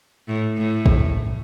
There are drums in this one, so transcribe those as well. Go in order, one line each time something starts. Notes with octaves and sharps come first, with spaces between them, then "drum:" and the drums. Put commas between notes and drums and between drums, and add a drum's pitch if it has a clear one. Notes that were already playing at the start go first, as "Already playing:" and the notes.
A2
A2
drum: kick